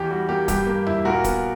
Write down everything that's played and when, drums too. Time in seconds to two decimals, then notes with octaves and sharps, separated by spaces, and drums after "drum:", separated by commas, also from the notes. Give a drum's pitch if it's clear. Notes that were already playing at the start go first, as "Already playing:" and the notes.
Already playing: E2 G4
0.11 G3 F#4
0.29 A#3 G4
0.48 G2 G4, drum: kick C#1, hi-hat
0.67 A#3
0.86 E4, drum: tom D#2
1.05 A#2 F#4 A#4
1.24 B3, drum: kick C#1, hi-hat